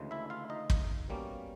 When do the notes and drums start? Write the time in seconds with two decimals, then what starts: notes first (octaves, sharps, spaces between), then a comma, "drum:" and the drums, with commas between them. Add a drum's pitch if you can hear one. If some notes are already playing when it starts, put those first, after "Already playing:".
Already playing: D2 C#3 E3 G#3
0.11 E4 E5
0.30 F4 F5
0.50 D#4 D#5
0.70 drum: kick
1.08 B2 G3 A#3 C#4